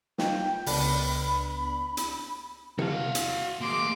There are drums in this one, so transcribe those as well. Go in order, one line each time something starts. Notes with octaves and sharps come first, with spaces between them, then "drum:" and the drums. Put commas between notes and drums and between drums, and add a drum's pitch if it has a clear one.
D#4 F4 G5, drum: snare
C#2 B3 D4 B5, drum: open hi-hat
drum: hi-hat
F#4 F5, drum: tom C3
drum: hi-hat
G#3 A#3 C6 D6